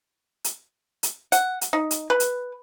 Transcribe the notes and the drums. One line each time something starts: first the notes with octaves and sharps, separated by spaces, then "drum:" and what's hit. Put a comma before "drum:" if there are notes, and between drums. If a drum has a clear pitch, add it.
drum: hi-hat
drum: hi-hat
F#5, drum: hi-hat
drum: hi-hat
D#4
drum: hi-hat
B4
drum: hi-hat